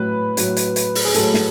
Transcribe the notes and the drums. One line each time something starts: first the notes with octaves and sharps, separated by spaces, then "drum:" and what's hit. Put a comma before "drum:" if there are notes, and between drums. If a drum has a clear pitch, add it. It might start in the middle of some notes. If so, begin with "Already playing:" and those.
Already playing: A2 F#3 B4
A2 F#3, drum: hi-hat
drum: hi-hat
drum: hi-hat
drum: open hi-hat
G#4
A2 F#3 A4, drum: hi-hat
drum: snare